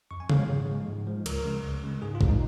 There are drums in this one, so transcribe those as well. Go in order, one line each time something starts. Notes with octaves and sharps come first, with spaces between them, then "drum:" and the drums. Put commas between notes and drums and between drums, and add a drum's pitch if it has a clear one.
F2 C#6
G#5
C#3 G#3 F5, drum: tom C#3
C#5
G#2 G#4
F3 G#3
G#2
F3 G#3
C#2 A#4, drum: cymbal
C#3 G#3
C#2
C#3 G#3
G#2 G#4
F4
D#3 G#3, drum: kick
D#4